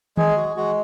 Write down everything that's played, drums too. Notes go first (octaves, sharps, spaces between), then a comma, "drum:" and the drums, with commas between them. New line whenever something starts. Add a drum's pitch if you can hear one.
G#3 G#4, drum: tom D#3
F#4
G#3 F#4